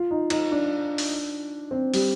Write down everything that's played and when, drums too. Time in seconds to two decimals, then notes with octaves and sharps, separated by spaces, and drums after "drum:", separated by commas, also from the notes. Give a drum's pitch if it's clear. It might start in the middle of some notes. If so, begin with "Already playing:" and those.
Already playing: F4
0.11 D#4
0.30 D#4, drum: cymbal
0.51 D4
0.98 drum: open hi-hat
1.71 C4
1.94 G3, drum: open hi-hat